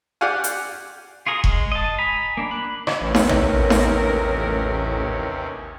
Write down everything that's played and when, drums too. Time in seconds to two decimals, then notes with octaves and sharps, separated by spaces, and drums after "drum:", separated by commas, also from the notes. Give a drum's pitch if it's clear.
0.21 G4 D5 F5 F#5 G#5
0.44 drum: hi-hat
1.26 F4 F#4 G#4 A#4
1.44 G#3, drum: kick E1
1.72 D#5 A5
1.99 G#5 A#5 B5
2.37 A#3 D4
2.51 B5 F#6
2.87 drum: rim click
3.01 A1 D#2 C3 C#4 A#4 B4 C#5
3.15 drum: snare D#4
3.29 drum: tom A#1
3.70 drum: snare D#4